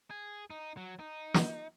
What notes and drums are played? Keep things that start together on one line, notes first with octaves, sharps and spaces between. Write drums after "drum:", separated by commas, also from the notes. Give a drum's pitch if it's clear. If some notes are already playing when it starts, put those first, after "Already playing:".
G#4
D#4
F#3
D#4
drum: snare